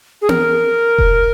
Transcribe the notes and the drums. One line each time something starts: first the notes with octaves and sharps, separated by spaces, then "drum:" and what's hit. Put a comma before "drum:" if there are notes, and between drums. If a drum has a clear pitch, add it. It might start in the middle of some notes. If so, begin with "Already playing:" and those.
G#4
A#4, drum: tom B3
drum: kick E1